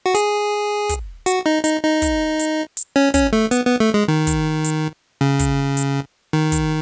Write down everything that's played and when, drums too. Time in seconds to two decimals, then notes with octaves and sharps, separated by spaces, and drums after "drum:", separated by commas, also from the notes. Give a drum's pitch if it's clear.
0.06 F#4
0.15 G#4, drum: hi-hat
0.89 drum: kick, hi-hat
1.26 F#4, drum: hi-hat
1.46 D#4
1.64 D#4, drum: hi-hat
1.83 D#4
2.02 drum: kick, hi-hat
2.39 drum: hi-hat
2.77 drum: hi-hat
2.96 C#4
3.14 C#4, drum: kick, hi-hat
3.33 A3
3.51 B3, drum: hi-hat
3.66 B3
3.80 A3
3.94 G#3
4.08 D#3
4.27 drum: kick, hi-hat
4.64 drum: hi-hat
5.21 C#3
5.39 drum: kick, hi-hat
5.77 drum: hi-hat
6.33 D#3
6.52 drum: kick, hi-hat